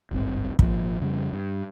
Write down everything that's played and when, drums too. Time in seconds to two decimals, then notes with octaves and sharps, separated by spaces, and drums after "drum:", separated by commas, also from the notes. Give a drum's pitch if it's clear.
0.11 D1 G#1 G2 C4
0.59 G#1 A#2 D3 F3, drum: kick
1.00 F2 C#3 G3
1.33 G2